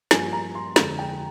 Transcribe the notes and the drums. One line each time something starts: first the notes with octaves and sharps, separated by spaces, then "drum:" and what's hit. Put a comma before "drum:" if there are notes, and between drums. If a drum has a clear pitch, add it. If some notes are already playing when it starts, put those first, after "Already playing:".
G2 F3 A#3 G#5, drum: snare
A#5
C6
F2 D3 G#3 A#5, drum: snare
G5